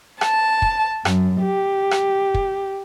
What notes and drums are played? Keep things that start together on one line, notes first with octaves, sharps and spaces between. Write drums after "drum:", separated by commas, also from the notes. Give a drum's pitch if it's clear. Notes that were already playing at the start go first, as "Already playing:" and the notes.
A5, drum: rim click
drum: kick
F#2, drum: rim click
G4
drum: rim click
drum: kick